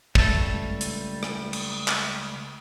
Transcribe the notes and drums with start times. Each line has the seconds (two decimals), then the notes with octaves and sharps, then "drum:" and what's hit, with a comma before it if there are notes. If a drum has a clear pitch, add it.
0.15 C#2 G3 A3 E5 A5, drum: kick
0.81 drum: hi-hat
1.23 drum: rim click
1.53 drum: cymbal
1.88 drum: clap